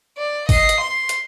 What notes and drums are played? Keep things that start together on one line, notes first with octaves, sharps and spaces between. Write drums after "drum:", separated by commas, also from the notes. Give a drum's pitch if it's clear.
D5
D#5 C7, drum: kick G#1, open hi-hat
drum: hi-hat
C6
drum: hi-hat